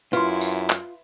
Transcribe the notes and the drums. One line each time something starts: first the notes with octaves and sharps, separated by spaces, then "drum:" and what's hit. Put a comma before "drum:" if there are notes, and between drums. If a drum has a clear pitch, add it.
F#2 E4 F4 B4 C6
drum: tambourine
drum: clap